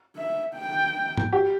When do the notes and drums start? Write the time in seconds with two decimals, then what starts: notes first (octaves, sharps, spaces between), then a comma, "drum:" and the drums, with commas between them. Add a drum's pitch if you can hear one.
0.17 E5
0.55 G5
1.17 drum: tom G#2
1.32 G4